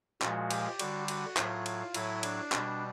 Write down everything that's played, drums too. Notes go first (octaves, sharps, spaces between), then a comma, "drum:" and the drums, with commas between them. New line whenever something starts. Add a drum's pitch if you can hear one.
A#2 F3 G#3 F#4, drum: clap
G4, drum: cymbal
D3 G3 F#4, drum: cymbal
F#4, drum: cymbal
A2 F#3 F4, drum: clap
drum: cymbal
A2 F#3 E4, drum: cymbal
D4, drum: cymbal
B2 G3, drum: clap